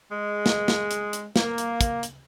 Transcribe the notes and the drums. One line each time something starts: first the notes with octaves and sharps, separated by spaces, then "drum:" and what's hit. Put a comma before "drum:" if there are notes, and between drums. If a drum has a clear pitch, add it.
G#3
drum: snare
drum: snare
drum: hi-hat
drum: hi-hat
A#3, drum: snare
drum: hi-hat
drum: kick, hi-hat
drum: hi-hat